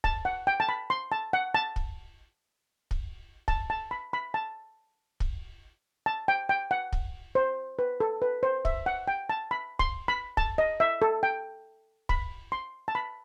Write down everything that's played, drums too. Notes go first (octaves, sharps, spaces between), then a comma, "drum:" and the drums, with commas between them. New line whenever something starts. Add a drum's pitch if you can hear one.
A5, drum: kick
F#5
G5
A5
B5
C6
A5
F#5
A5
drum: kick
drum: kick
A5, drum: kick
A5
B5
B5
A5
drum: kick
A5
G5
G5
F#5
drum: kick
C5
B4
A4
B4
C5
E5, drum: kick
F#5
G5
A5
B5
C6, drum: kick
B5
A5, drum: kick
D#5
E5
A4
G5
B5, drum: kick
C6
A5
B5